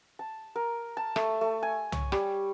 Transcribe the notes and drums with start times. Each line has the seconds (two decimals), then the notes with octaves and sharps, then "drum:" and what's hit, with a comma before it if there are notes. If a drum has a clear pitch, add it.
0.19 A5
0.56 A#4
0.97 A5
1.16 A3, drum: rim click
1.41 A3
1.63 G#5
1.92 C#5, drum: tom C2
2.12 G3, drum: rim click